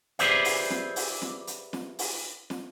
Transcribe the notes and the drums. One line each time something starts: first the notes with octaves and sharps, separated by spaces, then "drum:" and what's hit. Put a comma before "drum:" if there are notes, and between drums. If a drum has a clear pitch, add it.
G4 G#4 B4 C5 D5 E5, drum: hi-hat
drum: open hi-hat
drum: snare
drum: open hi-hat
drum: snare
drum: hi-hat
drum: snare
drum: open hi-hat
drum: snare